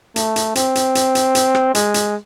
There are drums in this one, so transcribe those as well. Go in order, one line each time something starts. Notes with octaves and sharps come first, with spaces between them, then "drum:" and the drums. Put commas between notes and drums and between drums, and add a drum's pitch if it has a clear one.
A3, drum: hi-hat
drum: hi-hat
C4, drum: hi-hat
drum: hi-hat
drum: hi-hat
drum: hi-hat
drum: hi-hat
drum: rim click
G#3, drum: hi-hat
drum: hi-hat